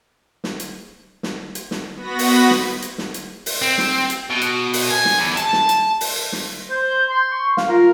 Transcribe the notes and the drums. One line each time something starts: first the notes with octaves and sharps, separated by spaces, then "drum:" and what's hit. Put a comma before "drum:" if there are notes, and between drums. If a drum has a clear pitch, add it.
drum: snare
drum: hi-hat
drum: snare
drum: hi-hat
drum: snare
B3 F#4 B5 A#6
drum: open hi-hat
drum: snare
drum: hi-hat
drum: snare
drum: hi-hat
drum: open hi-hat
C4
drum: snare
drum: hi-hat
B2
drum: hi-hat
drum: open hi-hat
G#5
drum: snare
E2
A5, drum: hi-hat
drum: snare
drum: hi-hat
drum: open hi-hat
drum: snare
C5
G6
C6
C#6
F5, drum: snare
F4 A#4